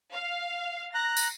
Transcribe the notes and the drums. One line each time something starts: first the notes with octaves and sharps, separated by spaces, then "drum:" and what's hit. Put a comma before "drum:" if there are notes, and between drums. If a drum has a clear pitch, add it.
F5
A#5 F#6 A#6
drum: tambourine